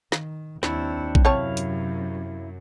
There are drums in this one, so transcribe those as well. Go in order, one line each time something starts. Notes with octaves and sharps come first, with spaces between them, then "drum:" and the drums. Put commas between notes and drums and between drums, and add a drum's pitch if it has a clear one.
D#3, drum: snare
D#2 C4 D4 E4 C#5, drum: snare
drum: kick A#1
F#2 C3 C4 E4 C#5 F5 A5
drum: hi-hat